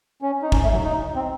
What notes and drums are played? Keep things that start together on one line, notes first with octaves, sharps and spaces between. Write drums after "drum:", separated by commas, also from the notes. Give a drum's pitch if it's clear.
C#4
D#4
C#4, drum: kick
A3
F#3
D#4
C4